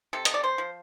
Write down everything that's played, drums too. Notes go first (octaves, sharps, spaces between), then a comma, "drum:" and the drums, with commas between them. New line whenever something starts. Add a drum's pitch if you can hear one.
C3 A4
D#5, drum: hi-hat
D5
C5
F3